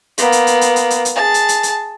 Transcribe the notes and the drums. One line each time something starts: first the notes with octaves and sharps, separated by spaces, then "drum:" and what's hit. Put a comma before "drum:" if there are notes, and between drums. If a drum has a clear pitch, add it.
A#3 B3, drum: hi-hat
drum: hi-hat
drum: hi-hat
drum: hi-hat
drum: hi-hat
drum: hi-hat
drum: hi-hat
G#4 A5
drum: hi-hat
drum: hi-hat
drum: hi-hat